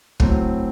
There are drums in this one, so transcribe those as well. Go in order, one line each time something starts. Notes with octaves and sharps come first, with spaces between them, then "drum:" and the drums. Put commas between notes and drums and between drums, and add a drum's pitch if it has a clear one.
A2 F#3 C4, drum: kick